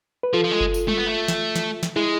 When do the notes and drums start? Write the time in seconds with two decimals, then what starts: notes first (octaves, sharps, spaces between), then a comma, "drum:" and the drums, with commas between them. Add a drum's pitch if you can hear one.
0.23 B4
0.33 F3 F4 A4
0.44 F3
0.51 G#3
0.61 drum: kick F#1
0.74 drum: tambourine
0.88 A3, drum: tom G3
0.98 B3
1.07 A3
1.28 drum: snare
1.56 drum: snare
1.83 drum: snare
1.96 G#3 E4 G#4